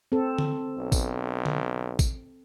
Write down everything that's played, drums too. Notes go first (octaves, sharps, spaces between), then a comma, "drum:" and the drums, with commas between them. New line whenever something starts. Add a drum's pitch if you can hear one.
C4 A4
drum: tom D3
B1
drum: kick A1, tambourine
drum: tom D3
drum: kick A1, tambourine